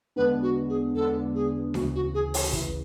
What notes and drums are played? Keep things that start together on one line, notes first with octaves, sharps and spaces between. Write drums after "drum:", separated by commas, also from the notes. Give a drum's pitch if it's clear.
E2 D3 G#3 B3 D4 B4
F#4
G#4
E2 D3 G#3 B3 D4 A4
G#4
D2 C#3 E3 F#4, drum: snare D4
F#4
G#4
C#5, drum: open hi-hat
D2 C#3 E3 E4, drum: kick